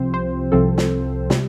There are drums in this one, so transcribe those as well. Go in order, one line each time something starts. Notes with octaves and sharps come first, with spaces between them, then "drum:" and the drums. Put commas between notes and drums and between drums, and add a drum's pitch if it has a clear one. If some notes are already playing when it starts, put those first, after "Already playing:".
Already playing: C2 C3 F3 C4 C5
C5
C2 C3 F3 C4 A4
drum: snare
C3 G3, drum: snare